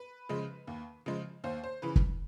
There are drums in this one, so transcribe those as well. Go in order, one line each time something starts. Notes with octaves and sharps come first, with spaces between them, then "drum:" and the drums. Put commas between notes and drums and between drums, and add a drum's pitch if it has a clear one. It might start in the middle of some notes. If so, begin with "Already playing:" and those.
Already playing: B4
C#3 F3 G#3
D#2
C#3 F3 G#3
D#2 C5
C5
C#3 E3 B4
drum: kick